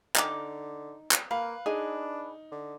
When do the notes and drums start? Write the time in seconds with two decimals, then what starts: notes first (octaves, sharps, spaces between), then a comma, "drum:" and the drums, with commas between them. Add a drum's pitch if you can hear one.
0.16 D3 D#4 D6, drum: clap
1.11 drum: clap
1.31 A#3 B4 F5
1.66 D4 D#4 G#4
2.52 D3